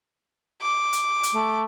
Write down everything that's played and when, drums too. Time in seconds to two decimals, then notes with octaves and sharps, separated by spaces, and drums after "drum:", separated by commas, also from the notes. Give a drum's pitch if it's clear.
0.62 D6
0.93 drum: hi-hat
1.23 drum: hi-hat
1.33 A3